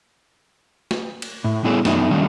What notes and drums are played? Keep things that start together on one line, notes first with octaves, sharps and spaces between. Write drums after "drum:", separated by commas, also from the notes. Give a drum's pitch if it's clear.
drum: snare
drum: cymbal
A2
G3 B3 E4 G#4 A4 C#5
F#2 A3 B3 D4 D#4, drum: snare
D#3 F#3 G3 A3 C#4 D4